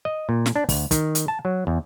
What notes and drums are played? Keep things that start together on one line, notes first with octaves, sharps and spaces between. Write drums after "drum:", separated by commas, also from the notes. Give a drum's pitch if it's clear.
D#5
A#2
drum: snare
D4
D2, drum: kick, open hi-hat
D#3, drum: kick, hi-hat
drum: hi-hat
A5
F#3
E2